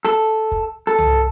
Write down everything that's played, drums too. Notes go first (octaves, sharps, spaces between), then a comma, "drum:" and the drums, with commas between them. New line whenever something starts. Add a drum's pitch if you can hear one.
A4, drum: rim click
drum: kick
A4
drum: tom C2